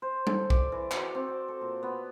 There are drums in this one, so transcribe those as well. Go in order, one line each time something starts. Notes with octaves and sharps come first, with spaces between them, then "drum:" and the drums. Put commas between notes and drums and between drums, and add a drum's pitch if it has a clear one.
C5
A4, drum: tom G3
D5, drum: kick
E3
F#4, drum: clap
C4
D5
A4
A#2
B3